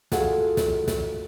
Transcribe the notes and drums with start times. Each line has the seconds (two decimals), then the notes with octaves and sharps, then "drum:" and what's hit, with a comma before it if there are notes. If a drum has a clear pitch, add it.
0.12 F4 F#4 G#4 A4 F5 F#5, drum: snare
0.57 drum: snare
0.88 drum: snare